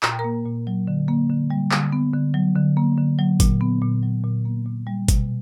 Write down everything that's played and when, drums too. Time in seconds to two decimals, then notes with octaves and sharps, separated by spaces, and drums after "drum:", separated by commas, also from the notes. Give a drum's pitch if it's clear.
0.03 A#2 A#5, drum: clap
0.11 G5
0.19 A#4 A#5
0.24 A#3
0.45 A#2
0.67 F#3
0.87 D3
1.08 A#3
1.30 D3
1.50 G3
1.71 D3, drum: clap
1.92 B3
2.13 D3
2.34 F#3
2.56 D3
2.77 A#3
2.97 D3
3.19 F#3
3.40 A#2, drum: kick G1, hi-hat
3.61 B3
3.82 A#2
4.03 F#3
4.24 A#2
4.45 A#3
4.65 A#2
4.87 G3
5.08 B2, drum: kick G1, hi-hat